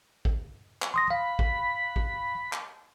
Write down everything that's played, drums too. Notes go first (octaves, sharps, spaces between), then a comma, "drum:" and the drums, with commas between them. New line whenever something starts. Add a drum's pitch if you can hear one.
drum: kick
drum: clap
C6 D#6 A#6
F5 B5
drum: kick
drum: kick
drum: clap